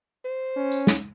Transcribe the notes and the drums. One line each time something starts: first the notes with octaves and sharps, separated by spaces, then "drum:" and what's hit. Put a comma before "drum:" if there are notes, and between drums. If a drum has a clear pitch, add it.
C5
C#4
drum: tambourine
drum: snare